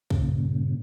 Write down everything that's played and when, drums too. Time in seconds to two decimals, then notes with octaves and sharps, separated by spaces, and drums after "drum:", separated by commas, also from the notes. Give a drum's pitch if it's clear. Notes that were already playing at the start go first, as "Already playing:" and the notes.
0.10 G2 A#2 C#3, drum: kick